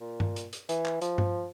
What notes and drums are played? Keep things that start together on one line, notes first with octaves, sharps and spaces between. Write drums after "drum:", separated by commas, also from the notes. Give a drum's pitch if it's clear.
A#2
drum: tom G2
drum: hi-hat
drum: hi-hat
E3, drum: hi-hat
drum: clap
F3, drum: hi-hat
drum: tom G2